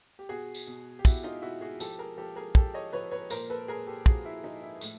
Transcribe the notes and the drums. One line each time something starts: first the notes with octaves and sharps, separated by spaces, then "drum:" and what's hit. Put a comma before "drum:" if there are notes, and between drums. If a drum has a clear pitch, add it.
G4
B2 F#4 G#4
drum: tambourine
B2
G4
B2 E4 F#4, drum: kick, tambourine
D#4 F4
B2 E4 F#4
F#4 G#4
F3 G4 A4, drum: tambourine
G#4 A#4
F3 G4 A4
G#4 A#4
F3 G4 A4, drum: kick
C#5 D#5
F3 B4 C#5
B4 C#5
A#2 A#4 C5, drum: tambourine
A4 B4
A#2 G#4 A#4
G4 A4
F3 F#4 G#4, drum: kick
E4
F3 D#4
E4
A2, drum: tambourine